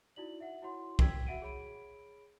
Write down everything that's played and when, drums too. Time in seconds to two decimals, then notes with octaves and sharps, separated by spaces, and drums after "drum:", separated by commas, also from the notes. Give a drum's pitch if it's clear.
0.16 D#4 E4 F#4 D5 F#7
0.40 E5 F#5
0.62 E4 F#4 C#5 F#5 C6
0.99 G5 E6 G#6 B6, drum: kick
1.26 F#4 E5 F#5 D7 D#7
1.42 G#4 C#5 B5 D7